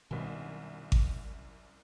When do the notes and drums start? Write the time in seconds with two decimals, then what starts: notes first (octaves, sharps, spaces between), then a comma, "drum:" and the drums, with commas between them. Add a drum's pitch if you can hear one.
0.11 C2 F#2 B2 D#3
0.92 drum: kick G#1